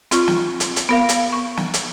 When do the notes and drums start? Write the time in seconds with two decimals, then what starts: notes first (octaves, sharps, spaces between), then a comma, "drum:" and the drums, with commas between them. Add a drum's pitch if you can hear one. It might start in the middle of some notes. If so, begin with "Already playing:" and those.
0.11 C4 F4 C#6, drum: hi-hat
0.28 drum: snare
0.60 drum: hi-hat
0.76 drum: hi-hat
0.89 B3 A#4 F5
1.09 drum: hi-hat
1.32 C#6
1.57 drum: snare
1.74 drum: hi-hat